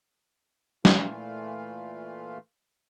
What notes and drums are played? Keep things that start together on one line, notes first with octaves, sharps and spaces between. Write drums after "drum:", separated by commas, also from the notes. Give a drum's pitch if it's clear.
A#2 E3 A3 F4 F5, drum: snare